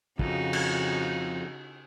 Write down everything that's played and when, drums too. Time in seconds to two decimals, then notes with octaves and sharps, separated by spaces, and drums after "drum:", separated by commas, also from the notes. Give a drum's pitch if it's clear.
0.19 F2 C#3 D#4 F#4, drum: kick
0.53 drum: cymbal